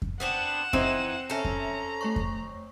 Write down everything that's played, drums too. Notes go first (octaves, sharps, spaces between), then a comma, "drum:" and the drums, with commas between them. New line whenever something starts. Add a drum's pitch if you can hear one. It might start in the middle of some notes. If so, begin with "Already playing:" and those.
drum: kick F2
B3 C4 D4 F#5 E7
E3 C4 D#4 G#4, drum: kick F2
C#4 A4 C#5 E5 A#5
drum: kick F2
A3 C#5 C#6
drum: kick F2